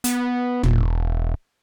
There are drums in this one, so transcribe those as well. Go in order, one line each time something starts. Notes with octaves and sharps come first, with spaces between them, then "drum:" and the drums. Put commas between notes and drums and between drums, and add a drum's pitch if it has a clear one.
B3, drum: hi-hat
E1, drum: tom